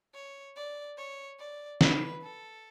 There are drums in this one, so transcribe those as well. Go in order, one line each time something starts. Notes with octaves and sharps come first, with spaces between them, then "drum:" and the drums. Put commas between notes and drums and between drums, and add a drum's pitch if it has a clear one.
C#5
D5
C#5
D5
B4, drum: snare
A4